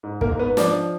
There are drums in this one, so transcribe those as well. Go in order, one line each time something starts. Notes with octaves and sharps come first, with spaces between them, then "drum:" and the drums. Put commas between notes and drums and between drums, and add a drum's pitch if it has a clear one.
G#2
A#3 A#4, drum: kick
G#2
B3 B4
F3 D4 D5, drum: snare